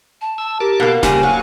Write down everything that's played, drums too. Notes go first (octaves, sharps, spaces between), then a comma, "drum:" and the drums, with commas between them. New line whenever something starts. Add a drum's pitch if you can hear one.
A5
A5 E6
G4 A#4 A5 D6
B2 A#3
C#3 G3 A#3 A#4 C5 G#5, drum: snare D#1
F#3 A#3 F5 C#6